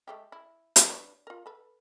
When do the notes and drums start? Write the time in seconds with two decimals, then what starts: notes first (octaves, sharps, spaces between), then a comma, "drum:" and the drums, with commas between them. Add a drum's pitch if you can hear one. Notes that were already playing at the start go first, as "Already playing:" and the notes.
0.08 G#3 A3 G4
0.32 E4
0.76 drum: hi-hat
0.89 D4 B4 C#5
1.27 F4 A#4
1.46 A4 B4